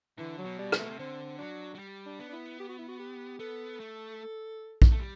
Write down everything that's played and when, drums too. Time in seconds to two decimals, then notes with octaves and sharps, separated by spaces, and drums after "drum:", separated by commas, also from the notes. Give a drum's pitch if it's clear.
0.18 D3 E3
0.38 F#3
0.45 B2
0.59 G3
0.72 C3, drum: rim click
0.79 B2 A3
0.91 C3
0.99 D3 C4
1.39 F#3 D4
1.75 F#3
1.79 G3
2.06 D4
2.19 B3
2.29 D4
2.32 E4
2.60 G4
2.69 F#4
2.78 E4
2.88 F#4
2.99 G4
3.39 B3 A4
3.80 A3
4.82 drum: kick A#1
4.92 A3
5.00 G3